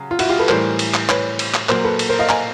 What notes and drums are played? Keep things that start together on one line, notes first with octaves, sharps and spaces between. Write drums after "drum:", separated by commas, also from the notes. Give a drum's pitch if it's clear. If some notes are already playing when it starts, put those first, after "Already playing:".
Already playing: C#3 F#3
F4
E4 F#4, drum: cymbal
F4 G4
A4 B4
A2 E3 G3 A#4 C5, drum: clap
drum: cymbal
drum: clap
B4 C#5, drum: clap
drum: cymbal
drum: clap
A#2 F#3 A#3 A#4 C5, drum: clap
A4 B4
drum: cymbal
A#4 C5
D#5 F5
G#5 A#5, drum: clap